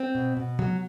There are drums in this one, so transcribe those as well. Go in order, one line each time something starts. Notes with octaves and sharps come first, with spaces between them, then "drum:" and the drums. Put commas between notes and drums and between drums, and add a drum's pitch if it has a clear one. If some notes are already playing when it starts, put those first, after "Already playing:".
Already playing: C4
B2
B2
F#3, drum: tom